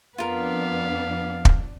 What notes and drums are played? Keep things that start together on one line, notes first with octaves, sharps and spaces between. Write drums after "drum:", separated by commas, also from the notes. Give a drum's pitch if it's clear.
F2 B3 D4 F4 A#4 B4 F5
drum: kick